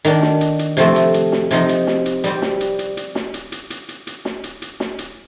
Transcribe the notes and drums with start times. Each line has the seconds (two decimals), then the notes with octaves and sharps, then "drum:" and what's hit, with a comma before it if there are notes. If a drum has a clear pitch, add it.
0.05 D#3 A#3 D4, drum: hi-hat
0.22 drum: snare
0.41 drum: hi-hat
0.59 drum: hi-hat
0.77 C3 F3 A3 C4
0.96 drum: hi-hat
1.14 drum: hi-hat
1.32 drum: snare
1.51 C3 F3 C4 D#4, drum: hi-hat
1.69 drum: hi-hat
1.87 drum: snare
2.05 drum: hi-hat
2.24 G3 C4 G4, drum: hi-hat
2.42 drum: snare
2.60 drum: hi-hat
2.79 drum: hi-hat
2.97 drum: hi-hat
3.15 drum: snare
3.34 drum: hi-hat
3.52 drum: hi-hat
3.70 drum: hi-hat
3.89 drum: hi-hat
4.07 drum: hi-hat
4.25 drum: snare
4.43 drum: hi-hat
4.62 drum: hi-hat
4.80 drum: snare
4.98 drum: hi-hat